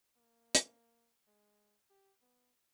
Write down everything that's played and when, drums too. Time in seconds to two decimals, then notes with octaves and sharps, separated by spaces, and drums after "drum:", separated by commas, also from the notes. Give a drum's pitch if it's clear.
0.16 A#3
0.55 drum: hi-hat
1.27 G#3
1.90 G4
2.22 B3